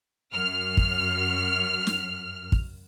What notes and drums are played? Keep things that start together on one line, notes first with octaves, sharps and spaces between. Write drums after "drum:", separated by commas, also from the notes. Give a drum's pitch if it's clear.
F#2 F6
drum: kick
drum: snare
drum: kick